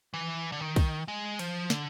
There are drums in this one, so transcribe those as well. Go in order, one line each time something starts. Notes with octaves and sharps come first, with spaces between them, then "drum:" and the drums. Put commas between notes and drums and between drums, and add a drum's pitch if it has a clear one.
E3
D3
D#3
drum: kick, cymbal
G#3
F3, drum: cymbal
D3, drum: snare